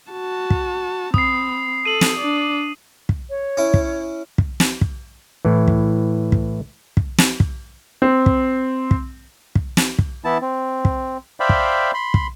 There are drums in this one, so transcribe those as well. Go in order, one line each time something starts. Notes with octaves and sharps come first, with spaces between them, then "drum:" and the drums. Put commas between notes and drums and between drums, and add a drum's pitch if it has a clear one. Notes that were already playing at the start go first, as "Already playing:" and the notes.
F#4 A5
drum: kick
C4 B5 D#6 C7, drum: kick
A4 D#7 F#7
drum: snare
D4 D5
drum: kick
C#5
C#4 E4
drum: kick
drum: kick
drum: snare
drum: kick
A2 E3
drum: kick
drum: kick
drum: kick
drum: snare
drum: kick
C4
drum: kick
drum: kick
drum: kick
drum: snare
drum: kick
E3 B3 E4 A5
C4
drum: kick
C5 D5 E5 F5 G5 B5
drum: kick
B5 C6
drum: kick